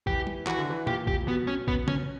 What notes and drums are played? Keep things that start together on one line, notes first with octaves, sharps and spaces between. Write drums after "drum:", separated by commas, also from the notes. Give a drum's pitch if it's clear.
E3 G4, drum: kick
drum: tom
E3 F#4, drum: clap
D3
E3
A#2 G4, drum: tom
G4, drum: kick
B2 B3
C#4
B3, drum: kick
C#4, drum: tom